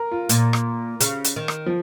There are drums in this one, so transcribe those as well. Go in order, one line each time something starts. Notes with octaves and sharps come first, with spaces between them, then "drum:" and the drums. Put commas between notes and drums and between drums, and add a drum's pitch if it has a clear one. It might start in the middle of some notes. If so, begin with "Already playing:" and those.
Already playing: A#4
F4
A#2, drum: hi-hat
drum: rim click
C#3, drum: hi-hat
drum: hi-hat
D#3
drum: rim click
F3